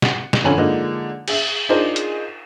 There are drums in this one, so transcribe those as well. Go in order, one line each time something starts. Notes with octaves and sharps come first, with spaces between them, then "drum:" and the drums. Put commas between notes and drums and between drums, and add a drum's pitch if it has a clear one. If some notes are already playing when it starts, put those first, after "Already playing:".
F#5, drum: snare
drum: snare
F2 D3 C#4 F4 G#5 F#7
D3 F3 G#3 A#3 D#4
G#4 E5, drum: cymbal
D4 D#4 F4 G#4 A#4 C5
drum: hi-hat